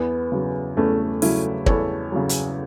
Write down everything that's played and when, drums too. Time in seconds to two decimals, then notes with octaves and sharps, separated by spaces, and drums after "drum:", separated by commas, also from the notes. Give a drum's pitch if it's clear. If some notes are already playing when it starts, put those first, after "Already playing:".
Already playing: E2 B3
0.32 C#3 F#3
0.77 E2 A3 C#4
1.22 C#3 F#3 C#4 E4, drum: open hi-hat
1.66 E2 A4 C#5, drum: kick
2.12 C#3 F#3
2.29 drum: hi-hat